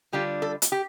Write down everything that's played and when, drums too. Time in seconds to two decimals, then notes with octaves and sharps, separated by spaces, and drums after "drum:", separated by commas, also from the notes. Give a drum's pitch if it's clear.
0.13 D3 G3 D4 F4 G4
0.42 A4
0.62 drum: hi-hat
0.72 G4